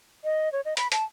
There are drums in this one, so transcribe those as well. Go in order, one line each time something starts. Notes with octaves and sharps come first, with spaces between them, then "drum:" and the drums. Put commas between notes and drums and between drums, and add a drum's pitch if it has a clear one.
D#5
C#5
D#5
B5, drum: hi-hat
A5, drum: hi-hat